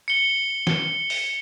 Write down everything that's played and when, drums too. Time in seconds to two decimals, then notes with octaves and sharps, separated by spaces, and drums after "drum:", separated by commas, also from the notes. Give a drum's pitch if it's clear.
0.08 C#7 G7
0.67 drum: snare
1.10 drum: open hi-hat